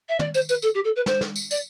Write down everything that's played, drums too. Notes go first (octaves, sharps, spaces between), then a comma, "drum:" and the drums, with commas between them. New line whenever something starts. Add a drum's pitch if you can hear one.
E5
D5, drum: tom
C5, drum: tambourine
B4, drum: tambourine
A4, drum: tambourine
G4
A4
B4
C5, drum: snare
drum: snare
drum: tambourine
D5, drum: tambourine